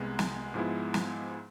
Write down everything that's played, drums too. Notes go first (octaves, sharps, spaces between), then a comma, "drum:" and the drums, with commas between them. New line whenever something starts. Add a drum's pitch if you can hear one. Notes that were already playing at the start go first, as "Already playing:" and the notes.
Already playing: C2 C3 G#3 B3
drum: snare
G#2 F3 G#3 B3 E4
drum: snare